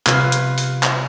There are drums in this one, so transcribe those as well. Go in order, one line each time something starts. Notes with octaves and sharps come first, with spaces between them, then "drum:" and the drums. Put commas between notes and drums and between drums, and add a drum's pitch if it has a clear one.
C3 F4 B4 F5, drum: clap
drum: hi-hat
drum: open hi-hat
drum: clap